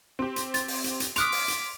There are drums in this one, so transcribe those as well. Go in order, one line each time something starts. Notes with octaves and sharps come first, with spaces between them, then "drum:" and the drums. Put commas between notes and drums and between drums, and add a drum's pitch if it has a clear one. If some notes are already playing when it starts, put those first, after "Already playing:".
C4 G4
drum: hi-hat
A6, drum: hi-hat
drum: open hi-hat
drum: hi-hat
drum: hi-hat
C6 D6 D#6 F6 F#6 B6 F7, drum: hi-hat
drum: open hi-hat
drum: hi-hat